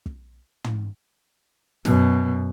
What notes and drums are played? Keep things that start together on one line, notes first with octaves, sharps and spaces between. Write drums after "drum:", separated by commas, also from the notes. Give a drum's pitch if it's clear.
drum: kick
drum: tom
F#2 B2, drum: snare